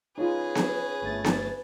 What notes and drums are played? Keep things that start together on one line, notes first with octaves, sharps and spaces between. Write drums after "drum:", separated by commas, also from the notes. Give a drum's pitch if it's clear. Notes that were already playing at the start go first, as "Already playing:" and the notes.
C#3 D#4 F4 G#4 B4
drum: snare B3
G1 A3 A6
drum: snare B3